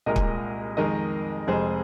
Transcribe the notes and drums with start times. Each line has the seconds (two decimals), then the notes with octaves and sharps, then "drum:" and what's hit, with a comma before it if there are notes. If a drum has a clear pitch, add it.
0.06 C2 A#2 G#3 A#4 D#5
0.16 drum: kick
0.77 F2 D#3 G#3 A#4 D#5
1.47 F1 F2 C3 G#3 G#4 C5